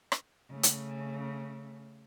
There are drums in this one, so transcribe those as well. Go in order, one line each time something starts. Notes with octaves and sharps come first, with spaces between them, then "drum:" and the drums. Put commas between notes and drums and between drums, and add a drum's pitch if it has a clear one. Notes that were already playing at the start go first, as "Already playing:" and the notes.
drum: rim click
C#3 A3
drum: hi-hat